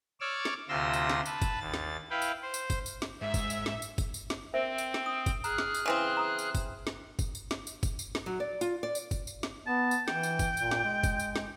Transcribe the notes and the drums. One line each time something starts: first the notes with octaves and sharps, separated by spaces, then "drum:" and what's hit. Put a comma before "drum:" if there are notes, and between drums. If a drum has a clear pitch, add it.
C#5 D5 D6 E6 F6
drum: snare
D2 C3 F4 C6 E6 A#6
drum: tambourine
drum: snare
B4 A5, drum: tambourine
drum: kick, tambourine
D#2 A6
drum: snare
E4 B4 F5 G5
drum: tambourine
C5
drum: tambourine
drum: kick, tambourine
drum: tambourine
drum: snare
G#2 E5
drum: kick, tambourine
drum: tambourine
drum: snare
drum: tambourine
drum: kick, tambourine
drum: tambourine
drum: snare
C4 A#4 C5 E5
drum: tambourine
drum: snare
D#6
drum: kick, tambourine
G#4 A#5 F6 F#6, drum: tambourine
drum: snare
drum: tambourine
C#3 E3 C4
A#5 D#6
drum: tambourine
drum: kick, tambourine
drum: snare
drum: kick, tambourine
drum: tambourine
drum: snare
drum: tambourine
drum: kick, tambourine
drum: tambourine
drum: snare
F#3
D5
F4, drum: tambourine
D5
drum: tambourine
drum: kick, tambourine
drum: tambourine
drum: snare
B3 A5
drum: tambourine
E3 G5, drum: snare
drum: tambourine
drum: kick, tambourine
A#2, drum: tambourine
drum: snare
G#3
drum: kick, tambourine
drum: tambourine
drum: snare